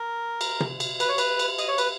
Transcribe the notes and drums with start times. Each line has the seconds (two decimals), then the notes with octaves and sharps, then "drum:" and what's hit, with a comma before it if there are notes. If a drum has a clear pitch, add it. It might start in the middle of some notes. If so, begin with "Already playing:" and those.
Already playing: A#4
0.41 drum: cymbal
0.60 drum: tom
0.80 drum: cymbal
1.00 B4, drum: cymbal
1.09 C#5
1.18 B4, drum: cymbal
1.39 drum: cymbal
1.58 D#5, drum: cymbal
1.68 C#5
1.78 B4, drum: cymbal